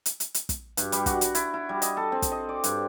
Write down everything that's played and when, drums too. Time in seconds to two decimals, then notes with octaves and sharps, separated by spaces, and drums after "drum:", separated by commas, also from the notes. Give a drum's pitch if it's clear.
0.06 drum: hi-hat
0.20 drum: hi-hat
0.34 drum: hi-hat
0.49 drum: kick, hi-hat
0.77 G2, drum: hi-hat
0.92 G3, drum: hi-hat
1.06 F#4, drum: kick, hi-hat
1.21 drum: hi-hat
1.35 E4, drum: hi-hat
1.54 E4
1.69 G3
1.82 D#5, drum: hi-hat
1.97 A4
2.12 C4
2.22 drum: kick, hi-hat
2.32 D#5
2.49 D5
2.64 G2, drum: hi-hat